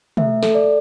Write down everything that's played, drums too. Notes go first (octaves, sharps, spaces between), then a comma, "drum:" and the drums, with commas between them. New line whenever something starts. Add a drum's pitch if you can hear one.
A3 E5, drum: tom
A4, drum: snare
D5